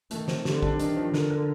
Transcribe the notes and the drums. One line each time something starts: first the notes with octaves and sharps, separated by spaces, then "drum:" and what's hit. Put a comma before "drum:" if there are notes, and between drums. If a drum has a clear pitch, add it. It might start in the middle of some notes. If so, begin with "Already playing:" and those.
D#3 A3, drum: hi-hat
C4, drum: snare
D3 G3, drum: snare
D4, drum: kick
D#3 D4, drum: hi-hat
F3
D3 A#4, drum: snare
A#4